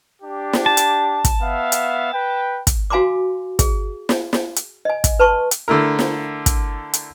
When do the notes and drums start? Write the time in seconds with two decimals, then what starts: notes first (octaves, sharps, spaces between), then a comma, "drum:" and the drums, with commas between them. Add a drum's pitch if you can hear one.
0.22 D4 G4
0.53 drum: snare
0.66 A5
0.77 drum: hi-hat
1.24 drum: kick, hi-hat
1.40 B3 E5 F5
1.72 drum: hi-hat
2.13 B4 G5
2.67 drum: kick, hi-hat
2.90 F#4 F5 G#5 A#5 C6 D6
3.59 G#4, drum: kick, hi-hat
4.09 drum: snare
4.33 drum: snare
4.56 drum: hi-hat
4.85 D#5 G#5
5.04 drum: kick, hi-hat
5.19 B4 A5 C6 C#6
5.51 drum: hi-hat
5.68 D3 A3 E4 A#4
5.99 drum: snare
6.46 drum: kick, hi-hat
6.93 drum: hi-hat